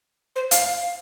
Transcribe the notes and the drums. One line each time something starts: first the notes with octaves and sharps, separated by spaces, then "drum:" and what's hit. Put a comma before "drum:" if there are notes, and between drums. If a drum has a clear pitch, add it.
C5
F5, drum: hi-hat